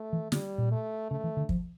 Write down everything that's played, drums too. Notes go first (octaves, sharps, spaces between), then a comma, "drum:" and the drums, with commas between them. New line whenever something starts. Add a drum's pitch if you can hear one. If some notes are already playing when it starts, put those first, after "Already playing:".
Already playing: A3
E3
D3 G3, drum: snare
A#2
A3
C#3 A3
E3
D3
F3, drum: kick